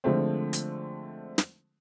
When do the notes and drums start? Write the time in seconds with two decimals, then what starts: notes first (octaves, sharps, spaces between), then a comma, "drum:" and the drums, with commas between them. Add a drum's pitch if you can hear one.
0.04 D3 F3 G#3 A3 C4
0.53 drum: hi-hat
1.38 drum: snare